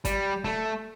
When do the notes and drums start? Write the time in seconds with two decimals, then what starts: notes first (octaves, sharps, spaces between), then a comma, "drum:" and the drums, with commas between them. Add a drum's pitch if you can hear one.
0.05 G3, drum: kick G#1, hi-hat
0.44 A3, drum: snare